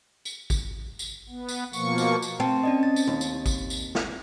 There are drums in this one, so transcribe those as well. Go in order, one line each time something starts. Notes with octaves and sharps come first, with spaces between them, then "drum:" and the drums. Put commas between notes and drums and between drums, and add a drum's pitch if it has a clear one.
drum: tambourine
drum: kick G#1, tambourine
drum: tambourine
B3
drum: tambourine
B2 F3 A#3 C#6, drum: tambourine
drum: tambourine
drum: tambourine
C4 A5
C#4 D5 D#5
A6
drum: tambourine
D#2
drum: tambourine
drum: kick G#1, tambourine
drum: tambourine
drum: snare